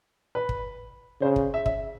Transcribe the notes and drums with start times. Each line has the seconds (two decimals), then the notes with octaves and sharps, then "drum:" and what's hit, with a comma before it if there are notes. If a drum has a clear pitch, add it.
0.35 B4
0.49 drum: kick
1.21 C#3 C5
1.36 drum: kick
1.54 E5
1.66 E5, drum: kick